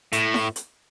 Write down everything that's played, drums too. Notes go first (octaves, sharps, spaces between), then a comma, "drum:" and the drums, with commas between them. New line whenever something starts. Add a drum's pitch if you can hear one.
A2, drum: hi-hat
drum: snare E4
drum: hi-hat